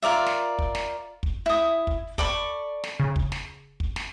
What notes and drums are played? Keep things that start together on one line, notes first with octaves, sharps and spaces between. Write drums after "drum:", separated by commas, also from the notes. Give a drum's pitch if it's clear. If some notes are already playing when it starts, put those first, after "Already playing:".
F4 A#4 D5 E5
drum: snare
drum: kick
drum: snare
drum: kick
E4 D#6
drum: kick
A4 D5 B5 C#6, drum: kick
drum: snare
C#3
drum: kick
drum: snare
drum: kick
drum: snare